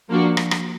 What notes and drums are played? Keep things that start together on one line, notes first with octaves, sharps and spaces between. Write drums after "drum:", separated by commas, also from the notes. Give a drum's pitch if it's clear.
F3 A#3 D4 F#4
drum: rim click
drum: rim click